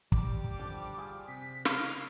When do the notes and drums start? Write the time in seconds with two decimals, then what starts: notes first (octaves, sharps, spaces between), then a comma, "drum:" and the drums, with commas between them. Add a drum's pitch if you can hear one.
0.12 G3 D6, drum: kick
0.59 D3 F3 D4
0.98 F4 G#4
1.28 C3 B6
1.65 C#3 F4 A#4 F5, drum: snare